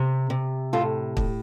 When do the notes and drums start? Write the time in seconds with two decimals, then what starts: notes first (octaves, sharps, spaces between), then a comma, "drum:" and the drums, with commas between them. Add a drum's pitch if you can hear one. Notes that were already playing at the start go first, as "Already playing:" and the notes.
Already playing: C3
0.30 C3
0.73 A2 F4 A4
1.17 A2, drum: kick